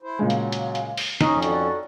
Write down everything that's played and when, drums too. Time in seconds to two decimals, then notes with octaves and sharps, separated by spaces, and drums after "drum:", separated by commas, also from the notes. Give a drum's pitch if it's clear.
0.03 E4 C5
0.19 A#2 C#3 F#3 G#3
0.30 drum: hi-hat
0.52 drum: hi-hat
0.75 drum: hi-hat
0.97 drum: open hi-hat
1.21 F2 C#4 D#4 A#5 C#6 D#6, drum: snare
1.42 F#4 A4 D5, drum: hi-hat